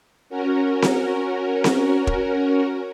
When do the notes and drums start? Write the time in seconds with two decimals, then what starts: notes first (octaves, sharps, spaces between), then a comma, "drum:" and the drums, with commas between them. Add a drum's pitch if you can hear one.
0.30 C#4 F#4 A#4
0.82 drum: snare C4
1.64 drum: snare C4
2.07 drum: kick E1